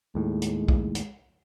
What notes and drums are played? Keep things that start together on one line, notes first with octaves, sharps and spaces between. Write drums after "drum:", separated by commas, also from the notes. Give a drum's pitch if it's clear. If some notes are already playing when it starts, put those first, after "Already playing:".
D#2 A2 G#3
drum: hi-hat
drum: kick A#1
drum: hi-hat